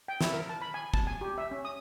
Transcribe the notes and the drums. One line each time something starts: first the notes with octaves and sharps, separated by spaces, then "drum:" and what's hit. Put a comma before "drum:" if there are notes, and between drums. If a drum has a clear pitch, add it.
G5
E4, drum: snare
A#4
A5
B5
G#5
A5, drum: kick
G#5
G4
E5
C#4
D#6